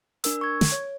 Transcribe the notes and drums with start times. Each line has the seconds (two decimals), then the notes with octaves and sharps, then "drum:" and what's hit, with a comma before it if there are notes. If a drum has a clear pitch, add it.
0.24 D4 A#4 E6, drum: hi-hat
0.41 C#6 G#6
0.61 drum: snare
0.72 C#5